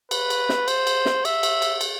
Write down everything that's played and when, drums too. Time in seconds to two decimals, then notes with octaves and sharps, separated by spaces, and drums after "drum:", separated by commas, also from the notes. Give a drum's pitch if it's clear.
0.11 B4, drum: cymbal
0.30 drum: cymbal
0.49 drum: snare
0.68 C5, drum: cymbal
0.87 drum: cymbal
1.06 drum: snare
1.25 E5, drum: cymbal
1.43 drum: cymbal
1.62 drum: cymbal
1.81 drum: cymbal